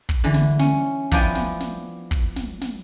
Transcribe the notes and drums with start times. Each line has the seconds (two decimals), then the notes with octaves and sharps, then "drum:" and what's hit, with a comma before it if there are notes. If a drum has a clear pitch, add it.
0.09 drum: kick
0.24 D3 E3
0.34 drum: snare
0.59 C#4, drum: snare
1.11 F3 B3 D4 E4 G5 G#5, drum: kick
1.35 drum: snare
1.60 drum: snare
2.11 drum: kick
2.36 drum: snare
2.61 drum: snare